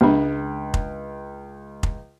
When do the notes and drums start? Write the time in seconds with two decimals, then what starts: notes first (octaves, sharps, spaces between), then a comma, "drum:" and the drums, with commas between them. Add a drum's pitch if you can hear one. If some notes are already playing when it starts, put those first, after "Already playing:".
0.01 C#2 G#3 D4
0.74 drum: kick F1
1.83 drum: kick F1